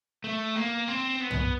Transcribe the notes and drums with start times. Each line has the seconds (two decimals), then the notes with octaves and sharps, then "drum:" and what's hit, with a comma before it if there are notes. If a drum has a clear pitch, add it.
0.24 A3
0.56 A#3
0.88 C4
1.21 B3
1.31 drum: tom